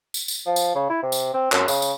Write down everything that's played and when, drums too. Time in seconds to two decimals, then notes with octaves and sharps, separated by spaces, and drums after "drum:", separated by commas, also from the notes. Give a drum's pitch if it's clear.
0.14 drum: tambourine
0.28 drum: tambourine
0.47 F3
0.56 drum: tambourine
0.75 C#3
0.90 E4
1.03 C3
1.12 drum: tambourine
1.34 C4
1.52 F#2, drum: clap
1.68 C#3, drum: tambourine
1.82 drum: tambourine